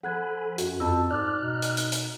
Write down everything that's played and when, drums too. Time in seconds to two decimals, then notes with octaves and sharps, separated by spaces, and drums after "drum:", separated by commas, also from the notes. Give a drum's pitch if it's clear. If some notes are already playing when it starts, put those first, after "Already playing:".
0.03 F3 A4 F#5 G#5 B5 F#6 G#6
0.58 F#2 F#4, drum: hi-hat
0.80 F2 F4 A5 E6
1.10 G#2 D5 D6 F6 F#6 A6
1.40 B2 D#4
1.62 drum: hi-hat
1.77 drum: hi-hat
1.92 drum: hi-hat